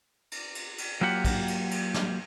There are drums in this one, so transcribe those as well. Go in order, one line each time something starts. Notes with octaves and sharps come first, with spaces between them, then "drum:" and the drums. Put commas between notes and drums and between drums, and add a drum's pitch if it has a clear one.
drum: cymbal
drum: cymbal
drum: cymbal
F#3 A#3 F4 G4 F#5
drum: kick, cymbal
drum: cymbal
drum: cymbal
drum: snare